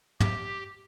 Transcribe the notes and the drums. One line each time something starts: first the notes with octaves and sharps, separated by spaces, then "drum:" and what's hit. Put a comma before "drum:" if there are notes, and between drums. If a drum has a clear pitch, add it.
G4, drum: tom